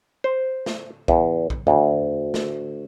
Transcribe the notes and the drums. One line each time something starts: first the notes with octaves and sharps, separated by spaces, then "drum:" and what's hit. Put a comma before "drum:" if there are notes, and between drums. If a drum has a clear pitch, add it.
C5
drum: snare
E2, drum: kick A#1
drum: kick A#1
D2, drum: tom E2
drum: snare